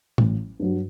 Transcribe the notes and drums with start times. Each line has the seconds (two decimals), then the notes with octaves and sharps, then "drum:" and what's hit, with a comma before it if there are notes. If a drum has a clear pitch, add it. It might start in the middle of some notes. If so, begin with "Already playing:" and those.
0.18 A1, drum: tom A#2
0.59 G2 F#3